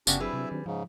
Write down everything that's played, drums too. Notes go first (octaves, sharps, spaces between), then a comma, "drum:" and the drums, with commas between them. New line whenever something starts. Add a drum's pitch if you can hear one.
F#1 C#3 B3 D4 F#4 G4, drum: tambourine
F#3 G3 C4 D4 E4 G#4 B4 E5
C3
D#3
G#2 C#3 F3